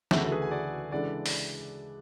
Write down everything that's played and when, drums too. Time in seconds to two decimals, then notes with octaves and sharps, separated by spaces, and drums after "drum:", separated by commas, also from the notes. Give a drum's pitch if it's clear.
0.11 D2 C#3 E3 A3 E4 F#4 A4, drum: snare
0.32 G#4 B4
0.42 G#5
0.51 D5 F#5
0.91 C#3 E3 G#3 D4 A4 D5 F#5
1.26 drum: open hi-hat